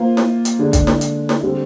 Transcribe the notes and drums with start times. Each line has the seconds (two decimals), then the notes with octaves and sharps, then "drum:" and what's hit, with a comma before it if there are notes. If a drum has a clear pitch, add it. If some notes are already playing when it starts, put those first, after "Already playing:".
Already playing: A#3 F4 C5
0.17 drum: snare
0.45 drum: hi-hat
0.59 D3 G#3 D4 G#4
0.73 drum: kick B1, hi-hat
0.87 drum: snare
1.01 drum: hi-hat
1.29 drum: snare
1.43 D3 G3 C4